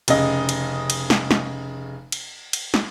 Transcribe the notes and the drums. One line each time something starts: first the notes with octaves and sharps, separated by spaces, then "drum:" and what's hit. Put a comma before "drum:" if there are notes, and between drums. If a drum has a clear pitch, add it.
F1 C#3 D#5 D#6, drum: cymbal
drum: cymbal
drum: cymbal
drum: snare
drum: snare
drum: cymbal
drum: cymbal
drum: snare